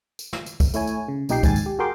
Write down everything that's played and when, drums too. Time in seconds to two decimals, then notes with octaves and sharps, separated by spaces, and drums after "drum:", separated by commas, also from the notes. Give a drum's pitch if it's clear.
0.19 drum: tambourine
0.33 drum: snare
0.46 drum: tambourine
0.60 drum: kick, tambourine
0.74 A3 E4 C#5 G#5, drum: tambourine
0.87 drum: tambourine
1.08 C#3
1.29 B1 A#2 D#4 G4 G5 C7, drum: tambourine
1.43 A#1 D#2 G#2 G#5 A6, drum: kick, tambourine
1.56 drum: tambourine
1.66 G4
1.79 F#4 G#4 A#4 G5 C6 D6